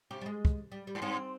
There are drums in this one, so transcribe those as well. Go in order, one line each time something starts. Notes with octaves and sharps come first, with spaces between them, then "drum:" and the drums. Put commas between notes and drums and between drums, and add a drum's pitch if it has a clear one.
C3 G4
G3
G#3
drum: kick
G3
G3
G#2
G2 C4